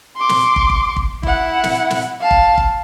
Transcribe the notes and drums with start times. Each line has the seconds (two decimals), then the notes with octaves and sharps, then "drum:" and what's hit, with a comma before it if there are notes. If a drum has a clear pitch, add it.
0.17 C6 D6
0.29 drum: snare
0.56 drum: kick
0.70 drum: kick
0.96 drum: kick
1.23 E4 F#5, drum: kick
1.64 drum: snare
1.90 drum: snare
2.21 F5 A5
2.31 drum: kick
2.58 drum: kick